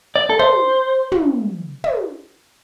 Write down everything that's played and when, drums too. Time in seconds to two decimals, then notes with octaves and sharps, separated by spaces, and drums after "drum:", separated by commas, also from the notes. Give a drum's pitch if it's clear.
0.16 D5
0.30 A4
0.39 C5, drum: tom
1.12 drum: tom
1.84 drum: tom